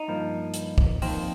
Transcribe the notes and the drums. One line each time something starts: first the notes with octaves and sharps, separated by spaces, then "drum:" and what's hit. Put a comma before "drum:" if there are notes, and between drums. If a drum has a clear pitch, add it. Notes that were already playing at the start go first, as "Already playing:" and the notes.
Already playing: D#4
G2 F3 A#3
drum: hi-hat
drum: kick
F2 D#3 A#3 C4, drum: open hi-hat